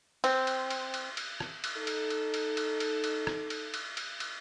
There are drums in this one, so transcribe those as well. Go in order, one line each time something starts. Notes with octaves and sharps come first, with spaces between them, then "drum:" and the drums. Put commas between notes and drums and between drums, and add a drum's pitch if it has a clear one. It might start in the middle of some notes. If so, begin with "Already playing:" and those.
C4, drum: cymbal
drum: cymbal
drum: cymbal
drum: cymbal
drum: cymbal
drum: rim click
drum: cymbal
D#4 A4
drum: cymbal
drum: cymbal
drum: cymbal
drum: cymbal
drum: cymbal
drum: cymbal
drum: rim click
drum: cymbal
drum: cymbal
drum: cymbal
drum: cymbal